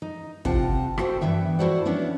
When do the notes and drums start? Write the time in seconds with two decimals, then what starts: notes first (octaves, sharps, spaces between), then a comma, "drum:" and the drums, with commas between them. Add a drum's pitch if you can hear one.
0.02 D#4
0.45 C3 F4 F#5 G5 A5, drum: kick
0.98 F#4 A4 C5 F5 G5, drum: rim click
1.21 G2 E3 B3 E5 G5
1.59 E4 F#4 A4 C5 D5 F#5
1.85 B3 C#4 D4 E4